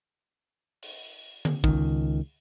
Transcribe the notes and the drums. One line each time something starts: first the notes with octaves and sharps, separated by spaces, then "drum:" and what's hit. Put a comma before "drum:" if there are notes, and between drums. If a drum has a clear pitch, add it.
drum: open hi-hat
drum: tom D3
C#2 D#3, drum: kick